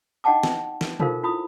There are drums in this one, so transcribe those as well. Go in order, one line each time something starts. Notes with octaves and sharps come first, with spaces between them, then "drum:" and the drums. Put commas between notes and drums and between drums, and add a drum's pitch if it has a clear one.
D#4 D#5 F#5 G5 A5 D6
drum: snare
drum: snare
D#4 F4 A4 A#4 C5 F5, drum: tom B2
E4 F4 B5 D#6